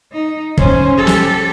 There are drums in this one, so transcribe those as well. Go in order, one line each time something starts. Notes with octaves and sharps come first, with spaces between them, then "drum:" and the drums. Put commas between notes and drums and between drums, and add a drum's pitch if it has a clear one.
D#4
C#4 C5, drum: kick
G4 A4
drum: snare